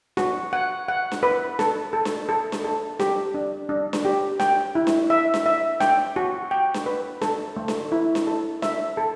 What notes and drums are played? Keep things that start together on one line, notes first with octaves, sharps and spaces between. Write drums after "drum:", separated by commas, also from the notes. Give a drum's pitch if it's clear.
F#4, drum: snare D4
F#5
F#5
drum: snare D4
B4
A4, drum: snare D4
A4
drum: snare D4
A4
drum: snare D4
A4
G4, drum: snare D4
D4
D4
drum: snare D4
G4
G5, drum: snare D4
E4
drum: snare D4
E5
drum: snare D4
E5
G5, drum: snare D4
F#4
G5
drum: snare D4
B4
A4, drum: snare D4
A3
drum: snare D4
E4
drum: snare D4
A4
E5, drum: snare D4
A4